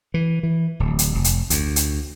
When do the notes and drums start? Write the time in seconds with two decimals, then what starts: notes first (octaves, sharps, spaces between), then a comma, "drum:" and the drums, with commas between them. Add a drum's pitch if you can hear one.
0.14 E3
0.43 E3
0.80 D1
0.99 drum: hi-hat
1.15 F1
1.24 drum: hi-hat
1.50 D2, drum: hi-hat
1.76 drum: hi-hat